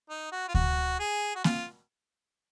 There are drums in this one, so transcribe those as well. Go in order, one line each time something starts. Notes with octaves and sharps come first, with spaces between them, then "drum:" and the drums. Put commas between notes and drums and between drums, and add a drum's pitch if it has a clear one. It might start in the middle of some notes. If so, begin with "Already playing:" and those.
D#4
F#4
F4
F#4, drum: kick D2
G#4
F#4
F4, drum: snare A#3